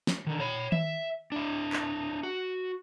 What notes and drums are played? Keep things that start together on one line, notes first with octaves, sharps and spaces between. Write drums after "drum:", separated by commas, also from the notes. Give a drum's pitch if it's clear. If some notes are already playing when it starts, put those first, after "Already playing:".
drum: snare
D3 D#3
C#5 B5
E5, drum: tom D#3
D4 E4
drum: clap
F#4